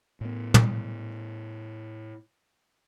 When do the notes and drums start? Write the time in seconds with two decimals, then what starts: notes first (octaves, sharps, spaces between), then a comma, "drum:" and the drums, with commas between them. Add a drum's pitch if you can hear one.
0.21 A2 B3
0.54 drum: tom